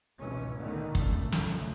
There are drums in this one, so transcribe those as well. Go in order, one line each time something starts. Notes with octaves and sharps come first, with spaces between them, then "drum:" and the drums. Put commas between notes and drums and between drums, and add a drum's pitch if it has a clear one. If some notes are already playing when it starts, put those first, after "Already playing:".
G#1 C#2 B2 E3 C#4
A#2 D3 D#3 A3 B3
G#1 C#2 A#2 C#3 A3, drum: kick
C#2 C#3 F3 A3, drum: snare